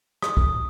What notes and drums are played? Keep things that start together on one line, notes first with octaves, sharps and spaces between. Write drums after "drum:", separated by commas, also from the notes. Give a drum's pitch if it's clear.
D#6, drum: rim click
drum: kick